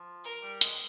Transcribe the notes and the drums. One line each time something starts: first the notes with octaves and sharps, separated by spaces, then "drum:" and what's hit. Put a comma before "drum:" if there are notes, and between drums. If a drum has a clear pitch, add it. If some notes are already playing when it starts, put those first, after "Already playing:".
Already playing: F3
A#4
G3
G#3, drum: hi-hat